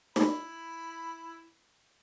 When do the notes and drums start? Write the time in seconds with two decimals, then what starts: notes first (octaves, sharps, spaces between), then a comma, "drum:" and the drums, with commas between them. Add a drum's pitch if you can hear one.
0.16 E4 B5, drum: snare